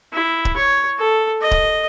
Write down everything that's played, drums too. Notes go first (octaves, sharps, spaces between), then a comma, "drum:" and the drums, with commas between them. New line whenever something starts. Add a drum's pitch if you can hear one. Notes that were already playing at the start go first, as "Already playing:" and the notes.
E4
drum: kick D1
C#5
A4
D#5
drum: kick D1